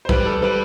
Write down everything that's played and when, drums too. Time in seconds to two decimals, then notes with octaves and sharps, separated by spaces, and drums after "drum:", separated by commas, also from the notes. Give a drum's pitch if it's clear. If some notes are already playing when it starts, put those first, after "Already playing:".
0.05 C5
0.09 G3 B4, drum: kick
0.26 A4
0.42 G3 B4